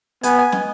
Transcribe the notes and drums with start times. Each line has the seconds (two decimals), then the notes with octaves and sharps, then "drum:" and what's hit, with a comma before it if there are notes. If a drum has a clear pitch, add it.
0.23 B3 G#5, drum: hi-hat
0.38 G#5
0.52 D#5, drum: snare